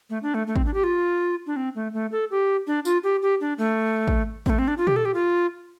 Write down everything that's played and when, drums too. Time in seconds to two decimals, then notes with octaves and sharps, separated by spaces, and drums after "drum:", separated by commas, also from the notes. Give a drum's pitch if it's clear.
0.10 A3
0.23 D4
0.34 A3
0.47 A3
0.56 C4, drum: kick G#1
0.66 D4
0.74 G4
0.84 F4
1.47 D4
1.56 C4
1.75 A3
1.94 A3
2.12 A4
2.31 G4
2.67 D4
2.85 F4, drum: tambourine
3.04 G4
3.22 G4
3.41 D4
3.58 A3
4.08 drum: kick G#1
4.46 C4, drum: kick G#1
4.50 A3
4.59 C4
4.68 D4
4.78 F4
4.87 G4, drum: tom
4.96 A4
5.05 G4
5.14 F4